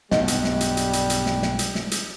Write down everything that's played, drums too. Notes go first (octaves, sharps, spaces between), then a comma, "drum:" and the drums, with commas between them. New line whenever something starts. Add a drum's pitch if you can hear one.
B1 G2 G3 D#5, drum: snare
drum: hi-hat
drum: snare
drum: hi-hat
drum: hi-hat
drum: hi-hat
drum: hi-hat
drum: snare
drum: snare
drum: hi-hat
drum: snare
drum: hi-hat